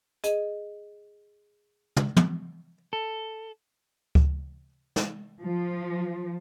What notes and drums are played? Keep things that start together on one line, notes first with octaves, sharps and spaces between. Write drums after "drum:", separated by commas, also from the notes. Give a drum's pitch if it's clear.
G#4 D#5, drum: hi-hat
drum: tom
drum: tom
A4
drum: kick C#2
drum: snare
F3